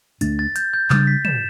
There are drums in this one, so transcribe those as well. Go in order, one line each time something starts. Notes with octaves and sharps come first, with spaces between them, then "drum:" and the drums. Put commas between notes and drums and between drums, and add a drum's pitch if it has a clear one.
D2 D3 A3 D4 A6, drum: hi-hat
A6
G6, drum: hi-hat
G6
C#3 G3 D4 A6, drum: clap
B6
E7, drum: tom